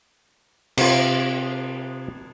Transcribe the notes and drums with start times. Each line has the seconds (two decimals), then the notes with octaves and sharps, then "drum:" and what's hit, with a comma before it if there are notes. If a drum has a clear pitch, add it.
0.77 C3 F4, drum: cymbal